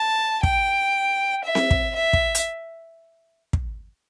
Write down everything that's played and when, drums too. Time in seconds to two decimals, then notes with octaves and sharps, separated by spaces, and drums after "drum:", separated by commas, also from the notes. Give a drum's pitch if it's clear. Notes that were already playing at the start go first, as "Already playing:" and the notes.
Already playing: A5
0.43 G5, drum: kick
1.44 E5
1.55 drum: snare C4
1.71 drum: kick
1.96 E5
2.13 drum: kick
2.35 drum: hi-hat
3.53 drum: kick